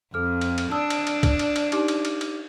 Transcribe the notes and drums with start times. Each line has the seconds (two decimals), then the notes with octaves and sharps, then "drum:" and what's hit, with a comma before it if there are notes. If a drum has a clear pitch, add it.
0.14 F2 A4 F6
0.41 drum: cymbal
0.58 drum: cymbal
0.71 D4 A5 D#6 E6
0.90 drum: cymbal
1.07 drum: cymbal
1.23 drum: kick, cymbal
1.39 drum: cymbal
1.56 drum: cymbal
1.72 D#4 G4 D6, drum: cymbal
1.88 drum: cymbal
2.05 drum: cymbal
2.21 drum: cymbal